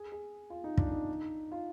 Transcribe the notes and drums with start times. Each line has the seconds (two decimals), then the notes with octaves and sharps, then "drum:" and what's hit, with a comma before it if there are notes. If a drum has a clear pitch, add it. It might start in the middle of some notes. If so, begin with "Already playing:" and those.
Already playing: G#4
0.12 G#4
0.50 F4
0.64 D#4
0.78 D4, drum: kick
0.92 D#4
1.52 F4